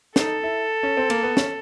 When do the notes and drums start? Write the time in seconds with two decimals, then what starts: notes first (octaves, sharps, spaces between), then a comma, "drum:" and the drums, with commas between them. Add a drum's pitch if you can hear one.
0.16 D#4 A4, drum: snare
0.43 E4
0.83 C#4
0.97 C4
1.10 A#3, drum: cymbal
1.23 B3
1.37 C#4, drum: snare